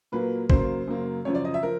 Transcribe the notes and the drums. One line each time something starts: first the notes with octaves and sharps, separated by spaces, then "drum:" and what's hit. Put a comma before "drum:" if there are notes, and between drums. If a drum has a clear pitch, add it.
A#2 F#3 A#3 B4
F#2 C#3 F#3 A#3 C5, drum: kick
F#2 C#3 F#3 A#3
F#2 C#3 F3 C#5
D5
D#5
E5
F3 A#4